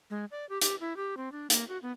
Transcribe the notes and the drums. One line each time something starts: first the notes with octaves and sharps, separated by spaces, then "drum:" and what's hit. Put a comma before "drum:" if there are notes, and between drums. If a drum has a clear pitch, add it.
G#3
D5
G4
G4, drum: hi-hat
E4
G4
C4
D4
A#3, drum: hi-hat
F#4
B3